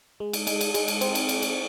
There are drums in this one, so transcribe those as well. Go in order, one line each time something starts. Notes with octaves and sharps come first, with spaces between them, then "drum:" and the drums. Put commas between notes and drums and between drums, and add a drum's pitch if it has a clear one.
G#3
drum: cymbal
G#3, drum: cymbal
drum: cymbal
G#3, drum: cymbal
drum: cymbal
C4, drum: cymbal
drum: cymbal
drum: cymbal
drum: cymbal